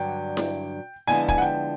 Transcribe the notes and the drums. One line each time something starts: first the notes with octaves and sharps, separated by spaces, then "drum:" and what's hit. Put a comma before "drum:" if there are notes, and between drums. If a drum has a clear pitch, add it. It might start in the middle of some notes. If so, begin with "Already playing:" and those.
Already playing: G2 D3 F#3 G5
drum: snare E4
D3 F3 G#3 B3 E4 G#5
G#5, drum: kick
F#5
G5